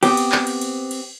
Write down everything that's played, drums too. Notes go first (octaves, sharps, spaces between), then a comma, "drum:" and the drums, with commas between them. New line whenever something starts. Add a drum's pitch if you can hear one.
B3 C4 G4, drum: cymbal
drum: cymbal
drum: clap
drum: cymbal
drum: cymbal
drum: cymbal